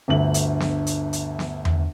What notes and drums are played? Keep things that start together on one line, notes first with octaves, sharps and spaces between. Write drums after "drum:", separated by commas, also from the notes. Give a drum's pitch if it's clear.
G1 D2 F#7
drum: hi-hat
drum: snare
drum: hi-hat
drum: hi-hat
drum: snare
drum: tom E2